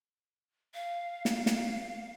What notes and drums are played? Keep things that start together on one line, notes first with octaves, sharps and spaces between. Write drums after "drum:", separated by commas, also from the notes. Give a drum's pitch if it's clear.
F5
drum: snare
drum: snare